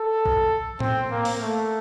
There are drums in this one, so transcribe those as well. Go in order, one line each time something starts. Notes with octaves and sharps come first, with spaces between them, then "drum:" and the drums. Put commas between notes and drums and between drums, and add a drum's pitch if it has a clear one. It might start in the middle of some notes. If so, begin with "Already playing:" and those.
Already playing: A4
drum: kick
C4, drum: tom A2
A#3
drum: open hi-hat
A3